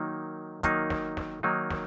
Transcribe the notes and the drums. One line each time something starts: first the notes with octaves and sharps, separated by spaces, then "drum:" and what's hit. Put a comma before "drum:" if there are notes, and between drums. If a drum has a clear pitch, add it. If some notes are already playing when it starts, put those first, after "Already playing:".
Already playing: D#3 F#3 A#3 D#4
D#3 F#3 A#3 D#4, drum: kick, hi-hat
drum: snare
drum: snare
D#3 F#3 A#3 D#4
drum: snare